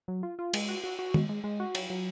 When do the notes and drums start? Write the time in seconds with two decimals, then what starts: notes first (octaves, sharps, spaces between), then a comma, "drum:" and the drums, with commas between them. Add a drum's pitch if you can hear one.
0.08 F#3
0.23 F4
0.39 F4
0.54 G#3, drum: cymbal
0.68 F#4
0.84 F#4
0.99 F#4
1.14 G#3, drum: tom
1.29 G#3
1.44 G#3
1.60 F#4
1.75 F#3, drum: cymbal
1.90 F#3